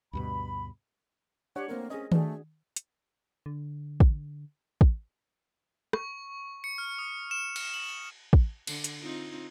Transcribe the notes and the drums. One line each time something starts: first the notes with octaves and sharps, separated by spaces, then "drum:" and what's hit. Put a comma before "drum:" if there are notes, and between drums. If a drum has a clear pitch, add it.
D2 G2 B2 B5
D4 G4 C#5 F#5
A3 A#3 C4 A#4
C#4 G#4 D#5
A3 D4 F#4 G#4, drum: tom D#3
drum: hi-hat
D3
drum: kick
drum: kick
C#6, drum: rim click
C#7
F6
D#6
E7
F6, drum: cymbal
F#7
drum: kick
D3, drum: cymbal
drum: hi-hat
C4 D#4 F4